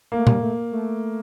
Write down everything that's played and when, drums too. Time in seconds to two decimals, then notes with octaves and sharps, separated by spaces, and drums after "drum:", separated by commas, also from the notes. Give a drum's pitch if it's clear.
0.12 A#3
0.17 A3
0.27 G3, drum: tom A#2
0.41 A3
0.72 A3